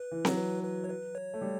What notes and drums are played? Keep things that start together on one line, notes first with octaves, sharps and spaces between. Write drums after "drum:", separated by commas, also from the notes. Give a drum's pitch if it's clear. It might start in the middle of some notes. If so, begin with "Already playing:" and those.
Already playing: B4
E3
F#3, drum: snare C4
B4
B4
C#5
B4
C#5
A3
G3